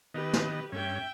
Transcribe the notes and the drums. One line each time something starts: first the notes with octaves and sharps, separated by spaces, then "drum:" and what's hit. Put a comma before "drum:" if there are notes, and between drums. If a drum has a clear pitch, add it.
D#3 B3 G4 B4 D#5
drum: snare
G2 C#4 E5 G5